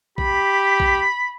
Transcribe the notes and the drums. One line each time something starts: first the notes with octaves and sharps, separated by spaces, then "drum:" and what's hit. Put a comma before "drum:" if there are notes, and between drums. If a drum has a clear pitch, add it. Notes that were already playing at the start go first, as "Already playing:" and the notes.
G4 B5, drum: kick
drum: kick